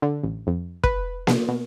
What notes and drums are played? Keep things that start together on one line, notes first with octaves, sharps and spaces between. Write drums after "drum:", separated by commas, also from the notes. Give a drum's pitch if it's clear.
D3
A1
F2
B4, drum: kick
B2, drum: snare A#3
B2